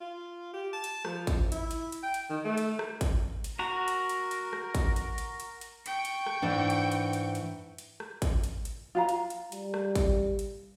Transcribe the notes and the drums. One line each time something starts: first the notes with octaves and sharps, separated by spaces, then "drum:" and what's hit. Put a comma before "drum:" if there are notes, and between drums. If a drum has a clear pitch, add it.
F4
G4
A5
drum: hi-hat
F3, drum: rim click
drum: kick, hi-hat
E4, drum: hi-hat
drum: hi-hat
drum: hi-hat
G5
drum: hi-hat
D#3
A3
drum: hi-hat
drum: rim click
drum: kick, hi-hat
drum: hi-hat
F#4 A#4 A#5
drum: hi-hat
drum: hi-hat
drum: hi-hat
drum: rim click
drum: kick, hi-hat
drum: hi-hat
drum: hi-hat
drum: hi-hat
drum: hi-hat
G5 C#6, drum: hi-hat
drum: hi-hat
drum: rim click
G#2 E3 D4
drum: hi-hat
drum: hi-hat
drum: hi-hat
drum: hi-hat
drum: hi-hat
drum: rim click
drum: kick, hi-hat
drum: hi-hat
drum: hi-hat
F4 F5 A#5
drum: hi-hat
drum: hi-hat
G3, drum: hi-hat
drum: rim click
drum: kick, hi-hat
drum: hi-hat